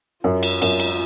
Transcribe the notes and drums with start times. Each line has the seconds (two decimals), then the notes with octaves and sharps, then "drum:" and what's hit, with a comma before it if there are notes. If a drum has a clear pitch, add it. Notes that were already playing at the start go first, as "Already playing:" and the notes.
0.24 F#2 F4
0.43 drum: cymbal
0.62 F#2, drum: cymbal
0.80 drum: cymbal